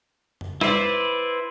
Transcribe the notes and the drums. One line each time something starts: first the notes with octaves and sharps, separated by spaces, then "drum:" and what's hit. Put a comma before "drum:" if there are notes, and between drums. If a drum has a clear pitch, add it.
drum: tom F2
E4 B4 C5 D5, drum: snare